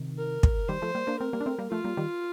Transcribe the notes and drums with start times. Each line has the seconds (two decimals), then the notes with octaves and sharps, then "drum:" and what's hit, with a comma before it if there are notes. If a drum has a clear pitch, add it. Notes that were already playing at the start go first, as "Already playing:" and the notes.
Already playing: C3 D#3
0.18 A#4
0.43 drum: kick
0.68 D#3 G3 C5
0.82 F3 A3
0.95 G3 A#3
1.07 A#3 D4
1.20 A3 C4 A#4
1.33 G3 A#3
1.41 D4
1.46 A3 C4
1.58 G3 A#3
1.71 F3 A3 F4
1.84 G3 A#3
1.97 D#3 G3